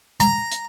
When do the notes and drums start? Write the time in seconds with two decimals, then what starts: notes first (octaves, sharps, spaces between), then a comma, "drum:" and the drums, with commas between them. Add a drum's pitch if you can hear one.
0.20 A#5, drum: hi-hat
0.52 drum: hi-hat